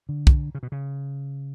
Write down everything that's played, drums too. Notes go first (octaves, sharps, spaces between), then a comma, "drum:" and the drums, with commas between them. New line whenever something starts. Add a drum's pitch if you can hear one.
D3
drum: kick
C#3
B2
C#3